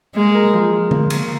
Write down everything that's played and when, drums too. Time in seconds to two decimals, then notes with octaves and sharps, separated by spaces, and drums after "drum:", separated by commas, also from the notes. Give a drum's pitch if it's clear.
0.15 G#3 A#3
0.35 A#4
0.53 F3
0.72 F4
0.91 A#3, drum: tom D3
1.10 A#4, drum: cymbal